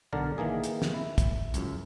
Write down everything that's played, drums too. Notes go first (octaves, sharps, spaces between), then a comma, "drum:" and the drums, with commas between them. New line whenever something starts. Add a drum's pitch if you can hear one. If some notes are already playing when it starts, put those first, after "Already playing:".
B1 D3 A#4 D5 A5
D#3 E3 A#3 G#4
drum: hi-hat
drum: snare
E4
drum: kick, hi-hat
C#2 F#2, drum: hi-hat